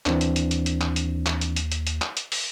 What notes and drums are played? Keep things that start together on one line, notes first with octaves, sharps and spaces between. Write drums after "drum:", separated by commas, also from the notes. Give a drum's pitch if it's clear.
D#2 E3 C4 D4, drum: clap
drum: hi-hat
drum: hi-hat
drum: hi-hat
drum: hi-hat
drum: clap
drum: hi-hat
drum: clap
drum: hi-hat
drum: hi-hat
drum: hi-hat
drum: hi-hat
drum: clap
drum: hi-hat
drum: open hi-hat